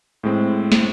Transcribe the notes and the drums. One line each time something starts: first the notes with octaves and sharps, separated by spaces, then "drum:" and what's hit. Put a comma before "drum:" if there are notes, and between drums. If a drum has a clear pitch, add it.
A2 G#3 C4
drum: snare